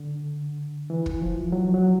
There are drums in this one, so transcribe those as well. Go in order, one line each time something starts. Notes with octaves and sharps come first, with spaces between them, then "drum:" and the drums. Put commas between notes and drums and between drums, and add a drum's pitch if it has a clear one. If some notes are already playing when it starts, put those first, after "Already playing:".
Already playing: D3
E3
drum: kick
F3
F#3
F#3